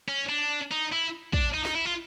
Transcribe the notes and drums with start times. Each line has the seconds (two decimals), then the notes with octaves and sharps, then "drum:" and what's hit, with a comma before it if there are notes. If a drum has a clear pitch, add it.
0.08 C#4
0.29 D4
0.71 D#4
0.92 E4
1.33 D4, drum: kick
1.54 D#4
1.65 D#4, drum: snare
1.75 E4
1.85 F4